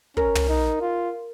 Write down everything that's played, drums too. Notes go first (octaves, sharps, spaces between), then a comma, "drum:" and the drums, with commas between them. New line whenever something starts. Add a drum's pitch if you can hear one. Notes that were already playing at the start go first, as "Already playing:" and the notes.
C#4 A#4, drum: kick
drum: tom
D#4
F4